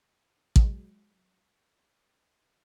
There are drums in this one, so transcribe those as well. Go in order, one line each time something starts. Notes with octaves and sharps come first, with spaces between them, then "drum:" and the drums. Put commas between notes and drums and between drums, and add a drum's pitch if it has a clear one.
F#3 G#3, drum: kick